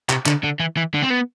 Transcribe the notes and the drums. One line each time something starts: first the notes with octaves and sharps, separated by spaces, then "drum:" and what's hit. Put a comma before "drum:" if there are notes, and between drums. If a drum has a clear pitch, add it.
C3, drum: clap
D3, drum: clap
D3
E3
E3
D3
C4
B3